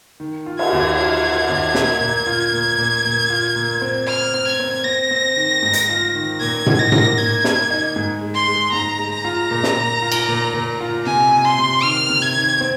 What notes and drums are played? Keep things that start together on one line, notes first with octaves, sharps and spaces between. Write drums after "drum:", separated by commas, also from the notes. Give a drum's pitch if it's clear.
D#3
F4
G#6, drum: cymbal
D#2
F4 G#6
F4
D#2
A#2, drum: snare
A#2
F4
A#2
A#2
A#2
F4
A#2
C4
C4 F6
C4
G#6
C4
C4 A#6
C4
D#3
G#2
drum: hi-hat
F4
D#3
A#2 G#6
D#4, drum: tom A2
A#6
A#3, drum: tom A2
A#3 G#6
A#3, drum: snare
D#4
G#2
G#3
C6
G#3
G#2 A#5
G#3
A#5
F4
A#2
drum: snare
A#2
F4
drum: cymbal
A#2
A#2
F4
C3 G#5
C3
C6
C3
D#3 F6
C3
G#6
D#3
C4